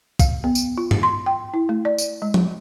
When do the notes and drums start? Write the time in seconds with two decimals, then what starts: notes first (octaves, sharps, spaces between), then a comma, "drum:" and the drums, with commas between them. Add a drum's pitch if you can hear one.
0.19 F5, drum: kick, tambourine
0.44 B3
0.55 drum: tambourine
0.78 F4
0.91 drum: tom G2
1.03 C6
1.26 G5
1.54 E4
1.69 A3
1.85 D5
1.98 drum: tambourine
2.22 G#3
2.34 drum: tom